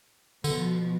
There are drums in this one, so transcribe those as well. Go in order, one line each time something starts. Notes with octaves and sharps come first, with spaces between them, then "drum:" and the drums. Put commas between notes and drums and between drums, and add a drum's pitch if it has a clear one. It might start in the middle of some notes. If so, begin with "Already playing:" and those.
B2 D3 F3, drum: tambourine